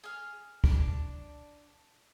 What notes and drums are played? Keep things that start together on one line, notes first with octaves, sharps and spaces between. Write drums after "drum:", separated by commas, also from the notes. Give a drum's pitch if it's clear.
G#4 F6
D4, drum: kick